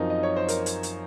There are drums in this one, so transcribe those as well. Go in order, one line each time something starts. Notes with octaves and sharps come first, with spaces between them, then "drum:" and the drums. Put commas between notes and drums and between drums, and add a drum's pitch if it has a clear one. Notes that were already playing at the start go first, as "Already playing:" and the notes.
Already playing: F#2 F3 C4 D#4 A#4
D#5
C#5
C5
A#4, drum: hi-hat
drum: hi-hat
drum: hi-hat